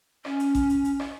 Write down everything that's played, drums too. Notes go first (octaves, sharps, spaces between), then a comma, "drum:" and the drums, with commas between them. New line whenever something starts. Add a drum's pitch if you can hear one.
C#4, drum: rim click
drum: hi-hat
drum: kick A1, hi-hat
drum: hi-hat
drum: hi-hat
drum: rim click